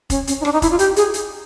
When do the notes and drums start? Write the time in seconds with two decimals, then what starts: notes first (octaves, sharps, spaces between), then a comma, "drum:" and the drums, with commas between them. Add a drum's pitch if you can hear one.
0.10 C#4, drum: kick F1, hi-hat
0.27 C#4, drum: hi-hat
0.40 D#4
0.45 D4, drum: rim click
0.53 D#4
0.62 E4, drum: kick F1, hi-hat
0.71 F4
0.79 G4, drum: hi-hat
0.96 G#4, drum: hi-hat
1.14 drum: hi-hat